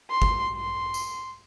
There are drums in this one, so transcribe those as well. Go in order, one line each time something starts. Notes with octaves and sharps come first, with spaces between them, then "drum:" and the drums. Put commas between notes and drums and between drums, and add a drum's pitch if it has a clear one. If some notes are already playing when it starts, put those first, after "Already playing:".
C6
drum: kick G1
C6
drum: tambourine